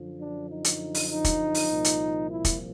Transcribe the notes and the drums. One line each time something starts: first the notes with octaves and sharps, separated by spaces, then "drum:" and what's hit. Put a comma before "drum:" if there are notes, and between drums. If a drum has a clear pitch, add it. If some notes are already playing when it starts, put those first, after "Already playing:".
Already playing: F#2 D3 F3
D4
D#4
drum: hi-hat
drum: open hi-hat
D#4
drum: kick, hi-hat
drum: open hi-hat
C2 A#2 F3
drum: hi-hat
E4
drum: kick, hi-hat